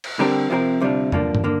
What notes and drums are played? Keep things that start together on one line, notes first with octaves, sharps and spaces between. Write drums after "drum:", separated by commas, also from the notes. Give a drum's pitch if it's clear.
drum: cymbal
D3 G3 C4 G4 A#4
C3 F3 C4 G4 A#4
D2 C3 G3 D4 F4
G2 D3 F3 A#3 D4, drum: tom
drum: tom G2
D3 A#3